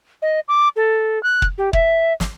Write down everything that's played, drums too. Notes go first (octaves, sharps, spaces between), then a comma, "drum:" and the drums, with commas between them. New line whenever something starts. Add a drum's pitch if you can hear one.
D#5
D6
A4
F#6
drum: kick
G4
E5, drum: kick
drum: snare